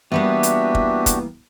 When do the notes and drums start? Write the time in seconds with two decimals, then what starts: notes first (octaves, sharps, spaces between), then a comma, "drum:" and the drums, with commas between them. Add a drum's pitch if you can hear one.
0.12 E3 G3 A#3 B3 D4 F#4 G4 E5
0.43 drum: hi-hat
0.75 drum: kick
1.06 drum: kick, hi-hat